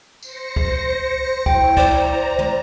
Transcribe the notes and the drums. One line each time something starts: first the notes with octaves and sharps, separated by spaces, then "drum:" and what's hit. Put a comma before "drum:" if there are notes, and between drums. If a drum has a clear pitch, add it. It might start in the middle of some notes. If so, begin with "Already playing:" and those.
C5 A#6 C#7, drum: tambourine
drum: kick
E4 C#5 G5, drum: kick
C5 D5 A#5, drum: kick
drum: tom